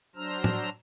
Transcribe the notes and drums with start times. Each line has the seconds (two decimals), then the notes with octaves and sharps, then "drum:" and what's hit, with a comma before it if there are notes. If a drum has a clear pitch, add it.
0.15 F#3 D4 C5 A#5 E6 F6
0.44 drum: tom